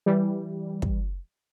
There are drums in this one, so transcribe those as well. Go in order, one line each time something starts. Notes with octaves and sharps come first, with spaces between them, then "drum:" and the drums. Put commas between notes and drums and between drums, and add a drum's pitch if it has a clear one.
E3 G3
drum: kick